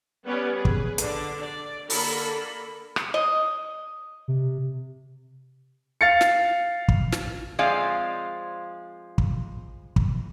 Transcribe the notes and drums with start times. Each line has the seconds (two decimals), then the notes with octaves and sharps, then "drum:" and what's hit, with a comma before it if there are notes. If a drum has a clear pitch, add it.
0.25 G3 B3 C#4 B4 C#5 D5
0.55 G#4 B4
0.65 drum: kick
0.98 D3 D4, drum: hi-hat
1.41 D5
1.90 D3 A#3 A4 A#4 B5, drum: open hi-hat
2.96 drum: rim click
3.14 D#5
4.28 C3
6.01 F5 A6 C#7
6.21 drum: snare
6.88 drum: kick
7.12 drum: snare
7.59 F3 G#3 C4 D5 F5 G#5
9.18 drum: kick
9.96 drum: kick